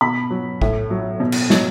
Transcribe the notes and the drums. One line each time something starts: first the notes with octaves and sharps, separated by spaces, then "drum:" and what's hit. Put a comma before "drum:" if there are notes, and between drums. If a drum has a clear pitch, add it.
B2 B5
F#3
A2, drum: kick
F#3
B2
drum: cymbal
F#3, drum: snare